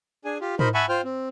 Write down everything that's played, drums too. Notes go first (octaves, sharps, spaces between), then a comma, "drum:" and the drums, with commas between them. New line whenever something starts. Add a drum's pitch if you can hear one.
D4 G#4 G#5
F4 G4
D#4 A#4 C5 D#5 B5, drum: tom
E5 F#5 G#5 A5 B5 C#6
F4 C5 G5 F6
C4